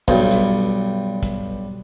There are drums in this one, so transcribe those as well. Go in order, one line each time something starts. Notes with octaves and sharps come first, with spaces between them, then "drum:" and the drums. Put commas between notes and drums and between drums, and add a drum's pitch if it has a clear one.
B1 G2, drum: kick
drum: hi-hat
drum: kick, hi-hat